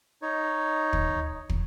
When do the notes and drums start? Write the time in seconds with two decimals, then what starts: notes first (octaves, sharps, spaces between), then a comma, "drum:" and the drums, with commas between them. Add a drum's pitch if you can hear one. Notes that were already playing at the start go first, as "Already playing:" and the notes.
0.22 D#4 C#5
0.93 drum: kick
1.49 drum: kick